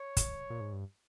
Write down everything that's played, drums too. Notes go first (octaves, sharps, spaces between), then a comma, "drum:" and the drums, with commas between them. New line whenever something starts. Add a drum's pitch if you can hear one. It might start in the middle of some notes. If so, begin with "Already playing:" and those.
Already playing: C#5
drum: kick, hi-hat
A#2
G#2
G2